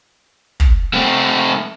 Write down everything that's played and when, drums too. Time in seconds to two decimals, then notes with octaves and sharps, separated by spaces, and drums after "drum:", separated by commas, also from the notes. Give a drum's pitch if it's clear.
0.60 drum: kick
0.94 A3 C4